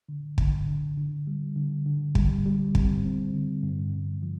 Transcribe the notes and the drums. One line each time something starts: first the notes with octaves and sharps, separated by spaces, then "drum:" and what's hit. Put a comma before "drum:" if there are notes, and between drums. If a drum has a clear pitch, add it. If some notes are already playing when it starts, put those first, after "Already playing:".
D3
D3, drum: kick
D3
D3
G3
D3
D3
G3, drum: kick
G3
C4, drum: kick
C4
D3
G2
G2
F3